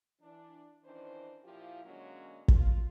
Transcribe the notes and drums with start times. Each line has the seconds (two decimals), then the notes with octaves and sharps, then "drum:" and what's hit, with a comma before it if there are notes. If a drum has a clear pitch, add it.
0.22 E3 D4
0.84 D#3 E3 C#4 D4 C5
1.44 A#2 F3 E4 F4 G4
1.85 D3 F#3 G#3 A#3 C#4
2.48 F4, drum: kick